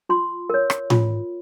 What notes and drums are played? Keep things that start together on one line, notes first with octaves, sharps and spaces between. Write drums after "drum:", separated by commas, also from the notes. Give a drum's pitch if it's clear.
F4 C6
A#4 C#5
drum: rim click
F4, drum: tom A2